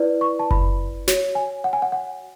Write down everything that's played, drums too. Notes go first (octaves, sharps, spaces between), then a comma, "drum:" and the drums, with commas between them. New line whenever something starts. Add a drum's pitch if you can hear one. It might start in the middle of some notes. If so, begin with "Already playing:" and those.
Already playing: E4 B4 D5
C#6
A5
B5, drum: kick F#1
F#4 C#5, drum: snare
G#5
F#5
G#5
F#5
F#5